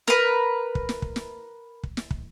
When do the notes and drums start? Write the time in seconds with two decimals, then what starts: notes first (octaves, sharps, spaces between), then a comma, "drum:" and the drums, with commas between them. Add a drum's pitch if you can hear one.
0.08 A#4 B4, drum: snare
0.75 drum: kick
0.89 drum: snare
1.02 drum: kick
1.16 drum: snare
1.83 drum: kick
1.97 drum: snare
2.11 drum: kick